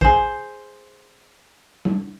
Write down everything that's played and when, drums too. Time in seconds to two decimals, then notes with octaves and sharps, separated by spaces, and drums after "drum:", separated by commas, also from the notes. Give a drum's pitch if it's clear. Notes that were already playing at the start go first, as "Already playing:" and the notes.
0.01 G#4 C5, drum: kick
1.85 drum: tom